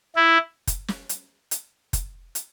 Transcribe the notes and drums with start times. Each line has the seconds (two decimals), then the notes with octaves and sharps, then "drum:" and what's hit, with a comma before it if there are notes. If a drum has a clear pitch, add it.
0.16 E4
0.67 drum: kick, hi-hat
0.88 drum: snare
1.09 drum: hi-hat
1.51 drum: hi-hat
1.93 drum: kick, hi-hat
2.35 drum: hi-hat